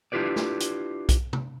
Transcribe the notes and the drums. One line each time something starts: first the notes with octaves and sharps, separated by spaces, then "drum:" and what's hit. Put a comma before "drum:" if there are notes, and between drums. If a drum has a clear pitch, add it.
D4 E4 F4 G4 B4 D5
drum: snare
drum: hi-hat
drum: kick B1, hi-hat
drum: tom C3